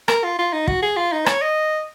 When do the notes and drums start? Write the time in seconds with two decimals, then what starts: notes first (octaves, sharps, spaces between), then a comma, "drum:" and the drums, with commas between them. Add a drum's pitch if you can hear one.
0.08 A#4, drum: rim click
0.24 F4
0.39 F4
0.53 D#4
0.68 F#4, drum: kick
0.82 G#4
0.97 F4
1.12 D#4
1.26 C#5, drum: rim click
1.42 D#5